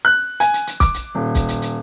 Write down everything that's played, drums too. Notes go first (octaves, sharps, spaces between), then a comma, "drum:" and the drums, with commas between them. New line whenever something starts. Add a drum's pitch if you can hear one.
F#6
G#5, drum: hi-hat
drum: hi-hat
drum: hi-hat
D6, drum: kick, hi-hat
drum: hi-hat
D#1
drum: kick, hi-hat
drum: hi-hat
drum: hi-hat